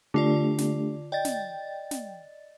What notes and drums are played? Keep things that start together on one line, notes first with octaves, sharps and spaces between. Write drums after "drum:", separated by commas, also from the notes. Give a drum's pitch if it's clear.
D3 A3 D4 F4 G4 D5
drum: snare
D5 D#5 G5 A6
drum: snare
drum: snare